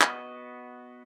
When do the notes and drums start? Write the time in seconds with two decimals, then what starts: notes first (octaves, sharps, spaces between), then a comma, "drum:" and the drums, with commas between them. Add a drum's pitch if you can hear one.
0.01 B3 F#4 D#5, drum: clap